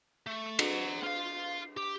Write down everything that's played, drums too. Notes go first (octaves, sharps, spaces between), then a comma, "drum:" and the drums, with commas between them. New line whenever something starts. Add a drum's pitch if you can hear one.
A3
F#5 A#5, drum: cymbal
F4 F5
G4